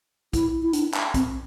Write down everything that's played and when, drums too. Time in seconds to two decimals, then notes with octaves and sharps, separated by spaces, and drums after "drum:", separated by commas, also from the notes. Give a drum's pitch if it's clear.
0.33 E4, drum: kick, hi-hat
0.62 E4
0.73 D4, drum: hi-hat
0.94 drum: clap
1.14 C4, drum: kick, hi-hat